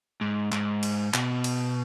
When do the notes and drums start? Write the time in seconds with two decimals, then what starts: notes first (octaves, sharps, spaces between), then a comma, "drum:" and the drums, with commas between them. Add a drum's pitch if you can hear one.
0.21 G#2
0.52 G#2, drum: clap
0.83 drum: cymbal
1.14 B2, drum: clap
1.44 drum: cymbal